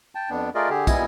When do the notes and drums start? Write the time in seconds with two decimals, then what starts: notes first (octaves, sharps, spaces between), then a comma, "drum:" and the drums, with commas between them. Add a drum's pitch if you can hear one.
0.15 G5 A5
0.30 F2 B3 D4
0.55 A3 F4 G#4 A#4 D5 D#5
0.70 D3 G4 G#4
0.87 A#2 G3 B3 E4 D#5 G#5, drum: kick, tambourine